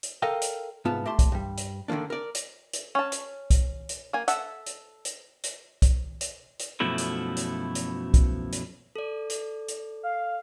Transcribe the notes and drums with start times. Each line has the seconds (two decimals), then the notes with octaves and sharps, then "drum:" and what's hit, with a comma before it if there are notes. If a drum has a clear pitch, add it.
0.03 drum: hi-hat
0.22 A4 A#4 D#5 F5 G5
0.42 drum: hi-hat
0.85 C2 G#2 B3 F4 A5
1.06 A3 G4 A5 C6
1.19 drum: kick, hi-hat
1.32 G2 G3
1.57 drum: hi-hat
1.88 D3 D#3 F3 A#3 D4
2.10 A#4 D5
2.35 drum: hi-hat
2.73 drum: hi-hat
2.95 C#4 A5
3.12 drum: hi-hat
3.50 drum: kick, hi-hat
3.89 drum: hi-hat
4.13 A#3 G#5
4.28 A4 E5 F#5, drum: hi-hat
4.66 drum: hi-hat
5.05 drum: hi-hat
5.43 drum: hi-hat
5.82 drum: kick, hi-hat
6.21 drum: hi-hat
6.59 drum: hi-hat
6.80 F#2 B2 F3 A3 E4
6.98 drum: hi-hat
7.37 drum: hi-hat
7.75 drum: hi-hat
8.14 drum: kick, hi-hat
8.52 drum: hi-hat
8.96 A4 D5
9.30 drum: hi-hat
9.68 drum: hi-hat
10.03 F5